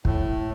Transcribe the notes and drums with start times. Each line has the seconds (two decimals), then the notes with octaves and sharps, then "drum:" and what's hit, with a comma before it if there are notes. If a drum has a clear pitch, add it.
0.05 A2, drum: kick